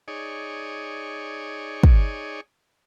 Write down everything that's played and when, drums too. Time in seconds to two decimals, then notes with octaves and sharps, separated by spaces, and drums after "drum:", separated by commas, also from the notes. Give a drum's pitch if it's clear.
0.08 D#4 G#4 C#5 D5
1.83 drum: kick